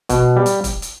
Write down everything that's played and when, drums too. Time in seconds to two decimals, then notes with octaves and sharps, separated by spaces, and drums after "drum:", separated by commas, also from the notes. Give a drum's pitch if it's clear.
0.09 B2, drum: kick, hi-hat
0.36 G3
0.46 drum: hi-hat
0.64 drum: kick, hi-hat
0.82 drum: hi-hat